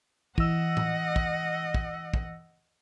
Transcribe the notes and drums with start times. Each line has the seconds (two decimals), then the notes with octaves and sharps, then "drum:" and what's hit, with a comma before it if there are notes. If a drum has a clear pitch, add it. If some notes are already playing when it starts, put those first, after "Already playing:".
0.38 E3 D#5 F#5 E6, drum: kick
0.77 drum: tom A2
1.16 drum: kick
1.74 drum: kick
2.14 drum: kick